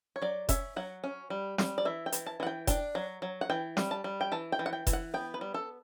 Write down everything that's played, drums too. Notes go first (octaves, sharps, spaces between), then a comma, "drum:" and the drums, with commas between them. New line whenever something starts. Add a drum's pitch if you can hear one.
C#5
F#3 D5
C#4 E5, drum: kick F1, hi-hat
F#3 F#5
C#4
G3
G3, drum: snare
D5
E3 E5
G5
E3, drum: hi-hat
A5
E3 F#5
G5
D4 G5, drum: kick F1, hi-hat
F#3
F#3
F#5
E3 G5
G3, drum: snare
A5
G3
G5
E3 A5
G5
E3
F#5
G5
E3, drum: kick F1, hi-hat
F#5
B3 G5
B4
G3
A4